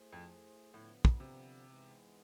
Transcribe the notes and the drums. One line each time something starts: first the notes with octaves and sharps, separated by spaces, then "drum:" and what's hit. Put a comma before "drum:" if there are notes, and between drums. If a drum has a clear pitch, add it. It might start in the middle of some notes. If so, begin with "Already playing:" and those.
Already playing: A3 E4 G#4 C5
F2
A2 D3 F3 B3
drum: kick
C3
G#2 E3 G#3 B3